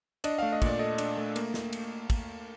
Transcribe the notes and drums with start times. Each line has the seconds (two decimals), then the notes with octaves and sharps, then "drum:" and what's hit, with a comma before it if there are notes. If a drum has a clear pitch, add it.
0.24 D4 D#5, drum: cymbal
0.38 A3 F5
0.52 D#5
0.62 A#2 D5, drum: kick, cymbal
0.79 A4 D#5
0.98 D4, drum: cymbal
1.17 A3
1.36 A#3, drum: cymbal
1.54 drum: snare
1.73 drum: cymbal
2.10 drum: kick, cymbal